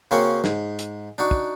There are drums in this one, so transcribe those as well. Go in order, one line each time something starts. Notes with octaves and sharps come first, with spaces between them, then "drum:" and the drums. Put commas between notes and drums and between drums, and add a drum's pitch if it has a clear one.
C#3 A#3 C4 C#4 F#4 C#6
G#2, drum: snare
drum: hi-hat
D4 D#4 F#4
drum: kick